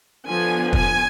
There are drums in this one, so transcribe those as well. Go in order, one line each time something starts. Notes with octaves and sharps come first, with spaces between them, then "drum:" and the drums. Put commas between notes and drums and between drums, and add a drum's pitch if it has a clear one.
D3 F3 B3 G#5
G#5, drum: kick